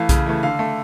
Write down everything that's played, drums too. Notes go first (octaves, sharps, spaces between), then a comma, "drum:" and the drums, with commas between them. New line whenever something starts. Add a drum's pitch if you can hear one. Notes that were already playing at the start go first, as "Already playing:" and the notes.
Already playing: E3 A3 F5
C#3, drum: kick B1, hi-hat
E3 A3
D3 F5
A3